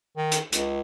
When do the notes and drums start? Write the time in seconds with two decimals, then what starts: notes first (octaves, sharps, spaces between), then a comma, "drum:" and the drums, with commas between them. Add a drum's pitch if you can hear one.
0.17 D#3
0.32 drum: hi-hat
0.52 C#2, drum: hi-hat